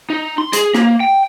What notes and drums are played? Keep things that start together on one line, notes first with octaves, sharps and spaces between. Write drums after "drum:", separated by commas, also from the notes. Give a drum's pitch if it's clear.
D#4
C6
G#4, drum: hi-hat
A#3, drum: rim click
G5